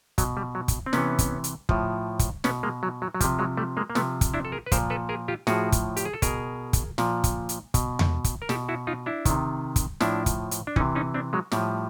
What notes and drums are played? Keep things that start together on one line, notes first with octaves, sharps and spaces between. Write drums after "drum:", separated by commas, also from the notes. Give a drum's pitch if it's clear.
B2 F#3, drum: kick, hi-hat
G3
F#3
drum: kick, hi-hat
C4
C3 E3 B3 C#4, drum: snare
drum: kick, hi-hat
drum: hi-hat
A2 F3, drum: kick
drum: kick, hi-hat
B2 B3 C#4, drum: snare
G#3 A#3
F#3
F#3
F#3
C3 F3 G3, drum: kick, hi-hat
F#3 G#3
G3 A3
G#3 A#3
A#3
C3 F3 A3 B3, drum: snare
drum: kick, hi-hat
D4 E4
A4
G#4 A#4
B4
A#2 F3 A#4 C5, drum: kick, hi-hat
A4 B4
G#4 A#4
F4 G4
A2 F3 F#4 G#4, drum: snare
drum: kick, hi-hat
G4, drum: hi-hat
G#4
A4
B2 G#4 A#4, drum: kick, hi-hat
drum: kick, hi-hat
A#2 F3, drum: snare
drum: kick, hi-hat
drum: hi-hat
B2, drum: kick, hi-hat
drum: tom E2
drum: kick, hi-hat
A#4
B2 G4 A4, drum: snare
E4 F#4
D#4 F4
D4 E4
C3 D#3, drum: kick, hi-hat
drum: kick, hi-hat
A2 F3 D4 E4, drum: snare
drum: kick, hi-hat
drum: hi-hat
D4
C3 E3 C#4 D#4, drum: kick
C#4 D#4
C4 D4
F#3 G#3
A2 F3 G3, drum: snare